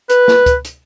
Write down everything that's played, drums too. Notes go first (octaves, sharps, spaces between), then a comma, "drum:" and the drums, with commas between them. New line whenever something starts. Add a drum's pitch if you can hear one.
B4, drum: hi-hat
drum: snare
drum: kick C#2, hi-hat
drum: hi-hat